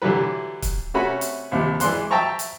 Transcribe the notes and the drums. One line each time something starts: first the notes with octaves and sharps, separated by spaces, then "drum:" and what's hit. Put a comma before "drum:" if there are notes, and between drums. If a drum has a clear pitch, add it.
D3 E3 F#3 G3 B4
drum: kick, hi-hat
C3 A3 C#4 F#4 B5
drum: hi-hat
A#1 D#2 C3
E3 G#3 D5 C6 F#6, drum: hi-hat
E5 G5 A5 A#5 C#6
drum: hi-hat